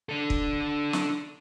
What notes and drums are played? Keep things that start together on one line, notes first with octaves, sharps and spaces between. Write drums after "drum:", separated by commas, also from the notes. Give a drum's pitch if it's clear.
D4 A4
drum: kick
drum: snare